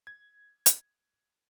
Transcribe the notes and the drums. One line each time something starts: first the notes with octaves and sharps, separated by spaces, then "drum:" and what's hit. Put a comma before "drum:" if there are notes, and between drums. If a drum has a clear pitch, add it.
G#6
drum: hi-hat